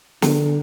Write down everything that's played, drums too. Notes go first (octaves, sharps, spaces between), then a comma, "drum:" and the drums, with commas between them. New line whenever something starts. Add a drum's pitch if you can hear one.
D3, drum: snare